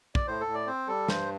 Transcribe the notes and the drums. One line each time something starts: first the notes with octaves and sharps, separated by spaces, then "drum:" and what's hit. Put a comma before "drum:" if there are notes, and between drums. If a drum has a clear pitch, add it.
D5, drum: kick
A2 C5
A4
A2
D5
C4 C5
G3 A4
G2 C5, drum: snare